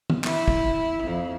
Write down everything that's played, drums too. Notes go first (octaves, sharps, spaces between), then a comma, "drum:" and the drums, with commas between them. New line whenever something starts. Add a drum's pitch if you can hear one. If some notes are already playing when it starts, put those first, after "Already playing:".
drum: tom
E4, drum: clap
drum: kick
F2